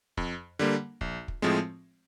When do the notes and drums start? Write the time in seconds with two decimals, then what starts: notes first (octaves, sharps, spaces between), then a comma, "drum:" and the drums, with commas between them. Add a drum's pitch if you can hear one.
0.17 F2, drum: kick
0.59 D3 G3 A#3
1.01 A#1, drum: kick
1.28 drum: kick
1.42 A2 F3 G#3 C4